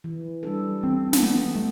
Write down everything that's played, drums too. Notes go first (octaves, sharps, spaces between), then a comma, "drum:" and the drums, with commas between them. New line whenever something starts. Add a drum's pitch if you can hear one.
E3
G3 D4 A4
E3 C4
drum: snare
G3 B3 D4 A4
A3